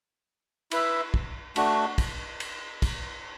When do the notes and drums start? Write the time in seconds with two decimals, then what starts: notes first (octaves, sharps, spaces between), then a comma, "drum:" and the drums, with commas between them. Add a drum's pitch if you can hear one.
0.71 E4 B4 E5, drum: cymbal
1.14 drum: kick
1.56 A3 D4 F#4, drum: cymbal
1.98 drum: kick, cymbal
2.40 drum: cymbal
2.82 drum: kick, cymbal